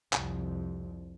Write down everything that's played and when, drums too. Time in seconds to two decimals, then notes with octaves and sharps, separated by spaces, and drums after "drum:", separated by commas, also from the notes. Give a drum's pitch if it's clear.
0.13 C2 F2, drum: clap